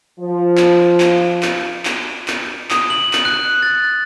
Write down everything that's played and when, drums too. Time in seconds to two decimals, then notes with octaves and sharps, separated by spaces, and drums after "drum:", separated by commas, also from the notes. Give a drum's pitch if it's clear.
0.20 F3
0.57 drum: clap
1.00 drum: clap
1.43 drum: clap
1.85 drum: clap
2.28 drum: clap
2.71 D#6, drum: clap
2.90 F#7
3.13 drum: clap
3.25 F#6
3.62 A6